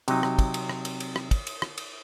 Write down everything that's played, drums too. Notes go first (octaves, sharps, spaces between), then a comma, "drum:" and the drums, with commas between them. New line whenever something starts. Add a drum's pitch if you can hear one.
C3 F#3 D#4, drum: cymbal
drum: rim click
drum: kick, cymbal
drum: cymbal
drum: rim click
drum: cymbal
drum: cymbal
drum: rim click
drum: kick, cymbal
drum: cymbal
drum: rim click
drum: cymbal